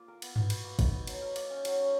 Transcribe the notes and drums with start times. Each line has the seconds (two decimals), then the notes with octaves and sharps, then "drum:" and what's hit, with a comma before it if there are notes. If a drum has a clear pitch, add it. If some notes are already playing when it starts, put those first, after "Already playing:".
Already playing: A#3 F4
0.08 A#4
0.22 B3, drum: cymbal
0.36 F#4, drum: tom G2
0.50 B4, drum: cymbal
0.64 A#3
0.79 D#4, drum: kick, cymbal
0.93 B3
1.07 F#3, drum: cymbal
1.22 A#4
1.36 A#3, drum: cymbal
1.50 C#4
1.65 F#3, drum: cymbal
1.80 C#4